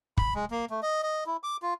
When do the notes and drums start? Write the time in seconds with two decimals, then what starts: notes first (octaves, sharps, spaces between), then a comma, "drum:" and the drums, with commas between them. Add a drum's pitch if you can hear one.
0.17 B5, drum: kick
0.35 G#3
0.51 A#3
0.70 A3
0.82 D#5
1.03 D#5
1.26 E4
1.43 D6
1.62 F4